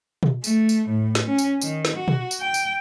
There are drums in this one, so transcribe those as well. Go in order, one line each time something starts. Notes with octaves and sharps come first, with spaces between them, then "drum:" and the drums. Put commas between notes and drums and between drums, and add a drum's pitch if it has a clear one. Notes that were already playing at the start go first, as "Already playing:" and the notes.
drum: tom
A3, drum: tambourine
drum: tambourine
A2
drum: snare
C#4
drum: tambourine
D#3, drum: tambourine
drum: snare
F#4
drum: tom
drum: tambourine
G5
drum: tambourine